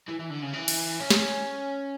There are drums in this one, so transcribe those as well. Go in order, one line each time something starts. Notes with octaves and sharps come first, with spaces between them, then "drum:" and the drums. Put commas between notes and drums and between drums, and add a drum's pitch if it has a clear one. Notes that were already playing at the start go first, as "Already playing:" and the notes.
E3
E3
D3
C#3
E3
drum: cymbal
C#4
drum: snare